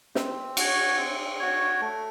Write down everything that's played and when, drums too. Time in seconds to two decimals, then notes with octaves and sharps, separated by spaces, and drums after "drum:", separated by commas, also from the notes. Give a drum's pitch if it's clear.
0.15 C4, drum: snare
0.57 F#4 C#5, drum: cymbal
0.98 C4
1.40 F#4 C#5
1.81 A3